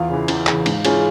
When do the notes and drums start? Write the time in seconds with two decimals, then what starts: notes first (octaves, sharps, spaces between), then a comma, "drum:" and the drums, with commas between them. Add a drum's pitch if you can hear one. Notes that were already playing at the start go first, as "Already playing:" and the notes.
Already playing: E2 F4 F5
0.09 C#3 E3
0.28 E2, drum: cymbal
0.47 C#3 E3, drum: clap
0.66 G#2, drum: cymbal
0.85 E3 G#3 C#4 F4, drum: cymbal